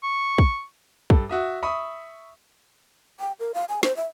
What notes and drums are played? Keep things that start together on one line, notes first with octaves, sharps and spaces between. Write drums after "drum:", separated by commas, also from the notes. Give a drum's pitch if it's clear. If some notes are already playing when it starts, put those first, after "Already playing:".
C#6
drum: kick
G2 A4, drum: kick
F#4 E5 D#6
E5 B5 C#6 D#6
G5
A#4
F5
G#5
C5, drum: snare
E5